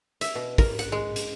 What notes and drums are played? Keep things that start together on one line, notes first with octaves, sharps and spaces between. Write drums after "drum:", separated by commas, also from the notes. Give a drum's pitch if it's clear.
E5, drum: hi-hat
B2
A#4, drum: kick, open hi-hat
F#5, drum: hi-hat
G#3
drum: hi-hat